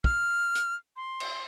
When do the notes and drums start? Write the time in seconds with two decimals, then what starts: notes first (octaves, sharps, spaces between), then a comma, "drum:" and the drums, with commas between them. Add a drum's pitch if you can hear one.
0.04 F6, drum: kick
0.55 drum: hi-hat
0.96 C6
1.20 drum: cymbal